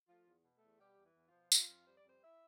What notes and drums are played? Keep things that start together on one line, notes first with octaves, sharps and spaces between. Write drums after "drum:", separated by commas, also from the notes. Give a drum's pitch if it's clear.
F3 A3 F4
E2
B2
A3 A4
E2
B2 G3 G4
E2
E3 E4
E2
F3 F4
B2
F2 F3 F4, drum: tambourine
F2
G3 C5
D5
F2 C4 C5
E4 E5